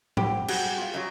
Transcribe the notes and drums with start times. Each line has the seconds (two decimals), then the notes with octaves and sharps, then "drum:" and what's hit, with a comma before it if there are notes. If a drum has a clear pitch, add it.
0.17 G4 C5 F#5, drum: tom
0.48 G3 F#4 G#4, drum: cymbal
0.78 F4 F5
0.94 F#2 F#3